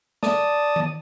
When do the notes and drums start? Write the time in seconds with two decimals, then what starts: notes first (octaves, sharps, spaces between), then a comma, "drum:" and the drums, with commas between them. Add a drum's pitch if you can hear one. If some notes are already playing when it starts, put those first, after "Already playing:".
0.23 D5 A5 D#6, drum: snare
0.76 drum: tom D#3